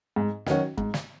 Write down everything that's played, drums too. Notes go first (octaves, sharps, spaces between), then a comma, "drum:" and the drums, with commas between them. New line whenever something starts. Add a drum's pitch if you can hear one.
G#2
D#3 F#3 C#4 F#4, drum: snare
G#2, drum: kick
drum: snare